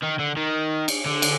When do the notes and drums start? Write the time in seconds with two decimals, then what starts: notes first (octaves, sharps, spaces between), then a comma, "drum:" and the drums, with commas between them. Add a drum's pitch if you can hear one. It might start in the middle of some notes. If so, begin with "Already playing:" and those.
0.02 D#3
0.19 D3
0.37 D#3
0.88 drum: cymbal
1.06 D3
1.22 drum: cymbal